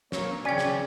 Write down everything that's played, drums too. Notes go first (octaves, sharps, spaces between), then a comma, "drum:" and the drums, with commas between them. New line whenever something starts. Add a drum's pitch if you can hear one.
A#3 C#5, drum: snare
C#3 C#4 D5 G5 G#5
drum: snare